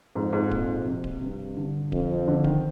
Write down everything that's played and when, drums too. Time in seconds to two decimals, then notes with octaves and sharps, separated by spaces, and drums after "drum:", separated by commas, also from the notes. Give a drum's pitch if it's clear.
0.15 F2 G#2
0.33 G#2
0.51 A#2, drum: kick D1
0.86 C3
1.04 drum: kick D1
1.21 G2 C3
1.57 D3
1.92 F2, drum: kick D1
2.28 D3
2.44 D#3, drum: kick D1